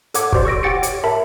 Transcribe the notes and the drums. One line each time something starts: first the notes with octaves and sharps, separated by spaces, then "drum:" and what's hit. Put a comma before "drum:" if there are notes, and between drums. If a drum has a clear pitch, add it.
A4 C#5 F#5 D6 G#6, drum: hi-hat
F#4 G4 C5 D5 C6, drum: kick
C#6 E6 A#6 D7
G4 F#5 G5 A6 C#7 D7
C#5, drum: hi-hat
A#4 E5 A5 B5